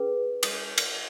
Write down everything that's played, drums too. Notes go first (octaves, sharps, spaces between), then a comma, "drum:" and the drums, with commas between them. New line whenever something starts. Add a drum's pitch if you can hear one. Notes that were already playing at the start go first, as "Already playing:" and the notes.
Already playing: C#4 G#4 B4
D#6, drum: cymbal
drum: cymbal